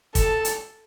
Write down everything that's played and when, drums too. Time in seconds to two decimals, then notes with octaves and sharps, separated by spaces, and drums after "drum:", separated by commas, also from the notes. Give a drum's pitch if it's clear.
0.15 A4, drum: kick, hi-hat
0.45 drum: hi-hat